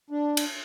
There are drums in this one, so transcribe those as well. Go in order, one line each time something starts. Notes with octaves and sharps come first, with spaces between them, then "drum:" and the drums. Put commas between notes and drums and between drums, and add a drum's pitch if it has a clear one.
D4
drum: cymbal